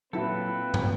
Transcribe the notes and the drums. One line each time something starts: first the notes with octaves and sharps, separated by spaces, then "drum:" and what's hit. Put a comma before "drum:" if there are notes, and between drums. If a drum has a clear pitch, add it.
A#2 F#3 C4 E4 A4 B4
drum: tom